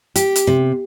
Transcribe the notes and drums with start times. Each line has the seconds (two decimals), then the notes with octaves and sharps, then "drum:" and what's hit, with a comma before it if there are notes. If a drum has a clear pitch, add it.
0.16 G4, drum: hi-hat
0.36 drum: hi-hat
0.47 C3